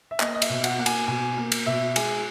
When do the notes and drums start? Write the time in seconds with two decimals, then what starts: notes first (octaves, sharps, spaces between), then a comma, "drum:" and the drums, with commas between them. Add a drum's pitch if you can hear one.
0.11 E5
0.20 A#3 D#5, drum: clap
0.35 D#5
0.42 E5, drum: cymbal
0.50 B2
0.64 F#5, drum: cymbal
0.78 A#3 F#5
0.86 G#5, drum: cymbal
1.08 B2 G#5
1.37 A#3
1.52 drum: cymbal
1.66 B2 E5
1.96 G#3 G#5, drum: cymbal